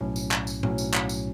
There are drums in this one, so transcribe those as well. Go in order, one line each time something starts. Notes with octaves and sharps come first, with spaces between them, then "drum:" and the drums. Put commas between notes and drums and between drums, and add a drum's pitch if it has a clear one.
B1 A2 F#3 C#4
drum: tambourine
drum: clap
drum: tambourine
B1 A2 F#3 C#4, drum: tom A2
drum: tambourine
drum: clap
drum: tambourine